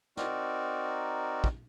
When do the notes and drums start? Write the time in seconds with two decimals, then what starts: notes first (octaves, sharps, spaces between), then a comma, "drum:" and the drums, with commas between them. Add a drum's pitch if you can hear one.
0.17 C4 D#4 F#4 A#4 D5, drum: snare
1.44 drum: kick